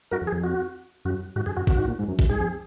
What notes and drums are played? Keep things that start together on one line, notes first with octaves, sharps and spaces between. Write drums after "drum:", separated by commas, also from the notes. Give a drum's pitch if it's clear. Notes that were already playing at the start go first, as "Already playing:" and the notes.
F#2 F#4 A#4
F2
G#4
F2
F#4
F#2 F#4
G#2 F#4
F#2 G#4
F#2 F#4
F#2 F#4, drum: kick A1
G#2
A#2
G#2
F#2
F#2, drum: kick A1
G#2 G#4
F2